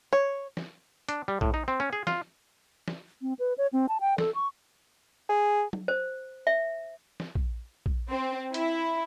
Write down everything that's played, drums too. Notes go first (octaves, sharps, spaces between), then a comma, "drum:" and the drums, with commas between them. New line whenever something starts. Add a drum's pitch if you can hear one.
C#5
drum: snare
D4, drum: hi-hat
G3
A2, drum: kick
D#4
C4
C#4
G#4
F4, drum: snare
drum: snare
C4
B4
C#5
C4
A5
G5
A4, drum: snare
C#6
G#4
drum: tom F#3
C5
E5
drum: snare
drum: kick
drum: kick
C4
E4, drum: hi-hat